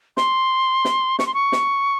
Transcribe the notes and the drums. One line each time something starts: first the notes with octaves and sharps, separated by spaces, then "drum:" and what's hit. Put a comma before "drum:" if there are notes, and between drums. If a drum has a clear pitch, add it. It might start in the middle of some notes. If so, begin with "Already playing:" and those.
C6, drum: snare
drum: snare
C#6, drum: snare
C6
C#6
drum: snare